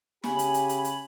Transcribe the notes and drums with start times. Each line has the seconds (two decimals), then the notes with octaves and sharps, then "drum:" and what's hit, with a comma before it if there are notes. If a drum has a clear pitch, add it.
0.24 C#3 G4 G#5 B5, drum: snare
0.39 drum: hi-hat
0.54 drum: hi-hat
0.69 drum: hi-hat
0.85 drum: hi-hat